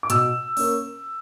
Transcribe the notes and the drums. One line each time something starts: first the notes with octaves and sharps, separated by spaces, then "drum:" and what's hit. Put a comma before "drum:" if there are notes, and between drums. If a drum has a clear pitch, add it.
D6
B2 E6, drum: hi-hat
A#3 C#4, drum: open hi-hat